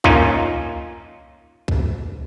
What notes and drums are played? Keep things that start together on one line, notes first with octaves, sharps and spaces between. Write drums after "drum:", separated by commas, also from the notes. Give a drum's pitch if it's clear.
A#3 C#4 D#4 F4, drum: kick C2
drum: kick C2